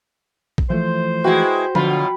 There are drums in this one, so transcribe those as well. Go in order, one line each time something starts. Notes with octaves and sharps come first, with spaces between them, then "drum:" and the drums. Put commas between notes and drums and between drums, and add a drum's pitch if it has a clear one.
drum: kick A#1
E3 F3 A3 C5
G#3 E4 F#4 B4 G5
B2 D3 F#3 F4 B5, drum: tom F3